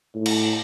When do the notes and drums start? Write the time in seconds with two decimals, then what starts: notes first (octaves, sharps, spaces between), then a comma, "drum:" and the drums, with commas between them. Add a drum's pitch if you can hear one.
0.15 A2
0.26 drum: cymbal